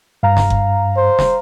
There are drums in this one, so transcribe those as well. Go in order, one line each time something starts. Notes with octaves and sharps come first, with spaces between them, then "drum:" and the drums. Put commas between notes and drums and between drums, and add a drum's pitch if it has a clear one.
G2 F5 A#5
drum: snare
drum: kick F#1
C5
drum: snare